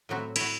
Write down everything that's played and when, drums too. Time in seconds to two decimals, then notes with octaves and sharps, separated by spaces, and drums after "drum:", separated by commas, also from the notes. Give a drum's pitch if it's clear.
0.09 A2 F#3 C4 E4 F#4
0.36 E4 F#4, drum: cymbal